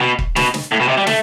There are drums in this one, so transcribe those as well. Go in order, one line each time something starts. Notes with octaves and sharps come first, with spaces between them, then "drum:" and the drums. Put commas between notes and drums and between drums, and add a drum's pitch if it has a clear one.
B2
drum: kick
B2, drum: snare
drum: snare
A2
B2
C3
G3
A3, drum: snare